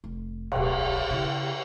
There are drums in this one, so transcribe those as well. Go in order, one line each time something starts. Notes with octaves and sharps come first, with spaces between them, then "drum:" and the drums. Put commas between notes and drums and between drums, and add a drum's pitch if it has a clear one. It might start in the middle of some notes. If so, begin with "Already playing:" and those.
F1
D1 B1, drum: cymbal
C#3 E4